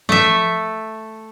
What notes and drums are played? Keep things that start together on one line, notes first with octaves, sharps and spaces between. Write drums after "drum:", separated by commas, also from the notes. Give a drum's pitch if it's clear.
A3 E5, drum: tom F3